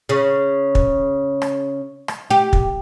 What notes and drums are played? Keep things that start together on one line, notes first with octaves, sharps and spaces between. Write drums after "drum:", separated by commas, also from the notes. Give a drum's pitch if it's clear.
C#3
drum: kick
drum: rim click
drum: rim click
G4
drum: kick